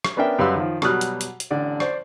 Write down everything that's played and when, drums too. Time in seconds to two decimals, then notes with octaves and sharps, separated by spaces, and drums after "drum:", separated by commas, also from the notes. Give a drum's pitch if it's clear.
0.04 drum: rim click
0.17 B3 C#4 D4 A#4 E5 G5
0.39 F#2 G3 B4 F5 C6 E6
0.55 D#3 F3
0.82 B2 F#3 G3 D#6 F6 F#6, drum: rim click
1.01 drum: hi-hat
1.21 drum: hi-hat
1.40 drum: hi-hat
1.51 A1 D3 D5
1.80 C5 D5, drum: rim click